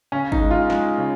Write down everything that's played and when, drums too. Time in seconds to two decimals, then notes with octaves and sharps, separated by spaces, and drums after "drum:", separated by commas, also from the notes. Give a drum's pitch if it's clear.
0.12 C#3 C#4
0.32 D#4, drum: kick G1
0.41 G#3
0.51 F4
0.70 G#3, drum: snare
0.98 C#3